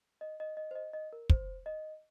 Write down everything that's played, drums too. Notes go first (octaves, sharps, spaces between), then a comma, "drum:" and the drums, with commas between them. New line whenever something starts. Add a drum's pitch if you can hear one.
D#5
D#5
D#5
C5
D#5
D#5
A#4
C5, drum: kick
D#5